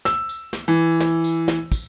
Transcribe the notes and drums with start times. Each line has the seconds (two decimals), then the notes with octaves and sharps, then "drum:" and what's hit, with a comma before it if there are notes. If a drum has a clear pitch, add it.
0.05 E6, drum: snare
0.29 drum: tambourine
0.53 drum: snare
0.68 E3
1.00 drum: snare
1.24 drum: tambourine
1.48 drum: snare
1.72 drum: kick, tambourine